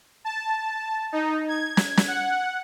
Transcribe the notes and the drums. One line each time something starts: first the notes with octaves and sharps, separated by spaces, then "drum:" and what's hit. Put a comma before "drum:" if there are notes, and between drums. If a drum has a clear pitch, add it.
A5
D#4
G#6
drum: snare
drum: snare
F#5